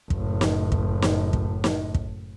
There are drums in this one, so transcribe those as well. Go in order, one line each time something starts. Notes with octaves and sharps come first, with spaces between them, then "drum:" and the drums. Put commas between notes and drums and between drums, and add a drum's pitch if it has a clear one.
F#1 A2, drum: kick
drum: snare
drum: kick
drum: snare
drum: kick
drum: snare
drum: kick